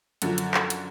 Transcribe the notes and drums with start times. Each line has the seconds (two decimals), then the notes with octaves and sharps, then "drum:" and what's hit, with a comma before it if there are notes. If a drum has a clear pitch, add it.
0.22 F#2 D3 F3, drum: hi-hat
0.38 drum: hi-hat
0.54 drum: clap
0.70 drum: hi-hat